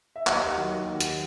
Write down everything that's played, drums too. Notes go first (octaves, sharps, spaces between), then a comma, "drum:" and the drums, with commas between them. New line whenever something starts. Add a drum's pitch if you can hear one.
E5
D#2 D#5 F#5, drum: clap
D#3 F#3
D#2
drum: hi-hat
F#3